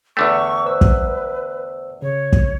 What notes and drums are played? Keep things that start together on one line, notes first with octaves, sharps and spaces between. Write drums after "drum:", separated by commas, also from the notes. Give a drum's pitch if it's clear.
E2 D3 A3 G5 C#6
B4 C5 E6
drum: kick
C#3 C#5
drum: kick